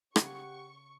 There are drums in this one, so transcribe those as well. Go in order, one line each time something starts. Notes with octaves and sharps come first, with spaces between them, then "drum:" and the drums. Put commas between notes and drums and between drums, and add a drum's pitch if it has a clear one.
C#3 G4 G#4 F#5 C#6, drum: rim click